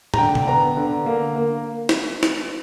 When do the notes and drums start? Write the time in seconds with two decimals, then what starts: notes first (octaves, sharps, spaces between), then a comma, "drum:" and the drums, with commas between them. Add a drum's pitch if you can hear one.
0.14 A#5, drum: tom
0.18 D3 G5
0.35 drum: tom C3
0.47 B3 A#5
0.77 D3
1.06 A#3
1.36 A#3
1.89 drum: snare
2.23 drum: snare